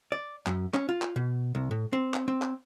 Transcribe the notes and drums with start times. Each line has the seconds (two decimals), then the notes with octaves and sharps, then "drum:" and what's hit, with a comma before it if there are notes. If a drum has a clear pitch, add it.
0.12 D5
0.47 F#2, drum: clap
0.74 C#4, drum: clap
0.89 F4
1.02 drum: clap
1.16 B2
1.55 C2
1.71 A2
1.93 C4
2.14 drum: clap
2.28 C4
2.42 drum: clap